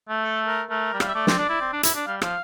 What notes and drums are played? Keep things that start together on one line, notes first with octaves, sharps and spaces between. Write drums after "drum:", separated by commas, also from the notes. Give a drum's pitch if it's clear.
A3
A4
A#4
A3 A#4
G3
F5, drum: rim click
E5
A3 D5
C4, drum: snare
D4
E4
C4
D4
E4, drum: hi-hat
D4
G3 F5
F3 F5, drum: rim click